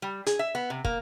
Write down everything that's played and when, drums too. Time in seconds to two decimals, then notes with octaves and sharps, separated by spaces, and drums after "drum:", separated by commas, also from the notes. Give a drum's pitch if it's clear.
0.02 G3
0.26 G#4, drum: hi-hat
0.39 E5
0.55 B3
0.70 C3
0.85 A#3, drum: kick